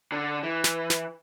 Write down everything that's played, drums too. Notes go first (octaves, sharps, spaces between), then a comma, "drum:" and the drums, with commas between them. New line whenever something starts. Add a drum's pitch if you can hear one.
D3
E3
drum: snare
drum: snare